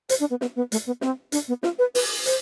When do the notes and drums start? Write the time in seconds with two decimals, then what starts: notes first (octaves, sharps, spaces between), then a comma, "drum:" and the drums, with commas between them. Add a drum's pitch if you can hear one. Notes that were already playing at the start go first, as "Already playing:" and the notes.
0.09 C5, drum: hi-hat
0.20 D4
0.30 B3
0.41 B3, drum: snare
0.56 B3
0.72 A3, drum: hi-hat
0.86 B3
1.01 C4, drum: snare
1.32 D4, drum: hi-hat
1.48 B3
1.63 F4, drum: snare
1.79 B4
1.95 B4, drum: open hi-hat
2.26 C5, drum: hi-hat